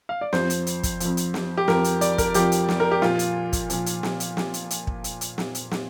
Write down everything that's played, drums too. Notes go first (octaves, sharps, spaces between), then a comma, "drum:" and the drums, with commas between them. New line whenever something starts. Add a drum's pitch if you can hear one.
F5
D5
F2 F3 C5, drum: snare
drum: hi-hat
drum: hi-hat
drum: kick, hi-hat
F2 F3, drum: hi-hat
drum: hi-hat
drum: snare
G4
F2 F3 A#4, drum: snare
drum: hi-hat
D5, drum: hi-hat
A#4, drum: kick, hi-hat
F2 F3 G4, drum: hi-hat
drum: hi-hat
drum: snare
A#4
G4
A#2 F3 F4, drum: snare
drum: hi-hat
drum: kick, hi-hat
A#2 F3, drum: hi-hat
drum: hi-hat
drum: snare
drum: hi-hat
drum: snare
drum: hi-hat
drum: hi-hat
drum: kick
drum: hi-hat
drum: hi-hat
drum: snare
drum: hi-hat
drum: snare